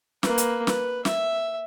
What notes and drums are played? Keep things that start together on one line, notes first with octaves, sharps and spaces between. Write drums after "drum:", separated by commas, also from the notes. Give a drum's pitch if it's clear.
A#3 B4, drum: snare
drum: hi-hat
B4, drum: snare
E5, drum: snare